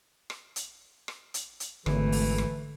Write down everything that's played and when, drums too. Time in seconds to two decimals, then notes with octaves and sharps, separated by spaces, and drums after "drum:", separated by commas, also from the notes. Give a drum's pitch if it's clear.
0.30 drum: rim click
0.56 drum: hi-hat
1.08 drum: rim click
1.34 drum: hi-hat
1.60 drum: hi-hat
1.86 G#1 D3 E3 A3, drum: rim click
2.12 drum: open hi-hat
2.38 drum: rim click